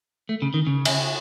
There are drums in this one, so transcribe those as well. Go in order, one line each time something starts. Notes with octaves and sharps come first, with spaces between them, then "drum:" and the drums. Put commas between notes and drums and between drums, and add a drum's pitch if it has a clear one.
A3
C#3
D#3
C#3
drum: cymbal